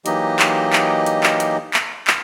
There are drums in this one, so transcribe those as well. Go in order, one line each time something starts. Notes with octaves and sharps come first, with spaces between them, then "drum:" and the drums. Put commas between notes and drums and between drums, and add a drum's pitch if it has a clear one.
E3 F#3 A#3 D#4 G4 D#5, drum: hi-hat
drum: clap
drum: clap
drum: hi-hat
drum: clap
drum: hi-hat
drum: clap
drum: clap